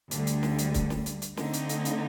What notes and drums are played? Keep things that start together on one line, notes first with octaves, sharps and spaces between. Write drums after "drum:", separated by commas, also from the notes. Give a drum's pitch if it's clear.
D2 D3 G3, drum: hi-hat
drum: hi-hat
drum: snare
drum: hi-hat
drum: kick, hi-hat
drum: snare
drum: hi-hat
drum: hi-hat
D3 A3 C4 D#4, drum: snare
drum: hi-hat
drum: hi-hat
drum: hi-hat